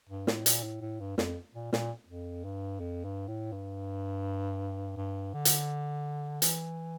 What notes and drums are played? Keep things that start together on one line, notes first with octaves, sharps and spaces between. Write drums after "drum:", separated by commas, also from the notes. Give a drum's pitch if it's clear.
G2
A2, drum: snare
A#2, drum: hi-hat
A2
A2
G2
F2, drum: snare
A#2
A#2, drum: snare
F2
G2
F2
G2
A2
G2
G2
D3
drum: hi-hat
E3, drum: hi-hat